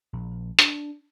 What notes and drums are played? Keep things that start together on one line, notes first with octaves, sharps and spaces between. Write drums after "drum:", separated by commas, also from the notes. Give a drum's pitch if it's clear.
A#1
D4, drum: hi-hat